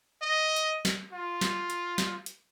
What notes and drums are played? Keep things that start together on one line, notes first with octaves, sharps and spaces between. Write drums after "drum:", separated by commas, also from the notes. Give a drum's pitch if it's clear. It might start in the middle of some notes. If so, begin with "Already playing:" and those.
D#5
drum: hi-hat
drum: snare
F4
drum: snare
drum: hi-hat
drum: snare
drum: hi-hat